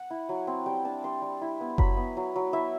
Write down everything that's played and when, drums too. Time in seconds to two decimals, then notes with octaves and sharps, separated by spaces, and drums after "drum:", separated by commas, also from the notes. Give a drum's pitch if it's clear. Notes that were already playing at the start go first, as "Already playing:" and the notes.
Already playing: F#5
0.10 E4
0.29 F#3
0.47 C4
0.66 G3 G5
0.85 D4 A5
1.04 G3 C6
1.22 G3
1.41 E4
1.60 B3
1.78 F#3 B5, drum: kick F#1
1.97 B3
2.17 F#3
2.36 F#3
2.53 E4 E5